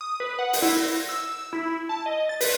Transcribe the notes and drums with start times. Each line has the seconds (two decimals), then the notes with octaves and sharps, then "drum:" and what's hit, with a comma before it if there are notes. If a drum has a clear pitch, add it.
0.01 D#6
0.20 B4
0.39 F#5
0.53 drum: open hi-hat
0.62 E4
0.77 A#6
1.09 E6
1.53 E4
1.89 A5
2.06 D#5
2.29 A6
2.41 B4, drum: open hi-hat